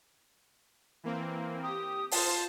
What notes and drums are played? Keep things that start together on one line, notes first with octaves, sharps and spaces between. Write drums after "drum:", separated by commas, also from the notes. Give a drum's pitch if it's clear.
E3 A#3 C4
G4 D#6
F4 C5 A5, drum: open hi-hat